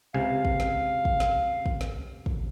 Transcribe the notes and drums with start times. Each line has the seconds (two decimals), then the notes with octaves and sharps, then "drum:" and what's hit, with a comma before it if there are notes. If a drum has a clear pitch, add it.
0.14 C#2 C3 F5 G#5
0.45 drum: kick
0.60 drum: snare
1.05 drum: kick
1.20 drum: snare
1.66 drum: kick
1.81 drum: snare
2.26 drum: kick